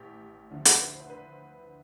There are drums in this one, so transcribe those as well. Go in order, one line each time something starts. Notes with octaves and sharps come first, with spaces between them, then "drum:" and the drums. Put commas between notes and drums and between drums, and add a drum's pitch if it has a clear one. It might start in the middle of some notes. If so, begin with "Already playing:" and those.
Already playing: A1 A2 G4
D2 D3 F3
C5, drum: hi-hat
B4
C5
B4